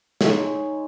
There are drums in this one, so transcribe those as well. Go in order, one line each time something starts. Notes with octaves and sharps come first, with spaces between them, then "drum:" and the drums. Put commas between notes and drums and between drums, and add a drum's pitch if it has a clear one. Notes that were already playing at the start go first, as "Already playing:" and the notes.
G#3 D#4 C#5, drum: snare